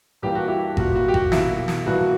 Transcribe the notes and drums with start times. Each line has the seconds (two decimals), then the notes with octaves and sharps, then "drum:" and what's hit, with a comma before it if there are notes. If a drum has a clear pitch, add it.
0.22 G2 E3 A#3 G4
0.35 F#4
0.48 E4 G4
0.77 A#2 G3 A#3 F#4, drum: kick G#1
0.95 F#4
1.08 G4
1.14 F#4, drum: kick G#1
1.32 B2 A#3 E4, drum: snare
1.68 drum: snare
1.86 G2 E3 A#3 F#4